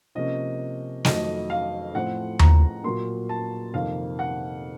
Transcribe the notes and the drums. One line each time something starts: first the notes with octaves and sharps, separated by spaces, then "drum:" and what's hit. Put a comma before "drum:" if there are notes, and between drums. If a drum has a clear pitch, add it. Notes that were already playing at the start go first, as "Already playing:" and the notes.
C3 F3 A#3 C#4 D#5
F2 D#3 F#3 A3 D#5, drum: snare
F5
A2 F3 C4 F#5
A#5, drum: tom D#2
A#2 F#3 A#3 C6
A5
F2 C3 D#3 A#3 F5
F#5